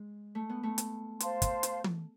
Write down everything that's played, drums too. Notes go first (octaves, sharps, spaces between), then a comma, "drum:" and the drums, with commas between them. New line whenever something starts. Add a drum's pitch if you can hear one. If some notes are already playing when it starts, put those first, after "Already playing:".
Already playing: G#3
A3
B3
A3
drum: hi-hat
C5 F5 A5 C6, drum: hi-hat
drum: kick, hi-hat
drum: hi-hat
drum: tom E3